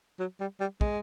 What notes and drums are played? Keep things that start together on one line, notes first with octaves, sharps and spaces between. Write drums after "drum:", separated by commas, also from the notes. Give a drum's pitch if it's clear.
F#3
G3
G3
G#3, drum: kick